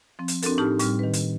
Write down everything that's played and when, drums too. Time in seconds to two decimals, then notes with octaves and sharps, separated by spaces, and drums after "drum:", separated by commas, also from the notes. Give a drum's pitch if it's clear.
0.19 F3 C4
0.28 drum: hi-hat
0.42 C4 D4 F#4 A4 A#4, drum: hi-hat
0.58 A2 D#4 G4 A5 F6
0.79 A2 G3 C4 F6, drum: hi-hat
0.99 D#3 B4
1.13 drum: hi-hat